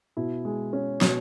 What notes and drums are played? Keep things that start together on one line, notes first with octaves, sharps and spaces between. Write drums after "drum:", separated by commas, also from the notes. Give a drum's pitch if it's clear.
B2 E4
G#3
C#4
B2, drum: snare